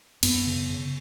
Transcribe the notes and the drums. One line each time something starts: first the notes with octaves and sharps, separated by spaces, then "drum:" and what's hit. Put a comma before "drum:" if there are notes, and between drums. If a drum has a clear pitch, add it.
F#2 B3, drum: cymbal
C#3
C#3